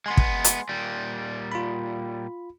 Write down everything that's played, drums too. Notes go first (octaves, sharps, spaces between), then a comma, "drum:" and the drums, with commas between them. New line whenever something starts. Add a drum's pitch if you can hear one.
G#3 B3 G#5 C6
drum: kick
drum: hi-hat
A#2 G3
F4 B5